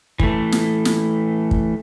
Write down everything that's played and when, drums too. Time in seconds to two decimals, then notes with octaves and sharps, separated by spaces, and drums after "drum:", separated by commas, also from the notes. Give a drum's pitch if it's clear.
0.19 E3 A3, drum: kick
0.52 drum: snare
0.85 drum: snare
1.51 drum: kick